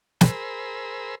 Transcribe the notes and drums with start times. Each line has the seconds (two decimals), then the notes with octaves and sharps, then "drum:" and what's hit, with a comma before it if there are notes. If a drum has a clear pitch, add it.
0.21 G#4 A#4 C5 B5 E6, drum: snare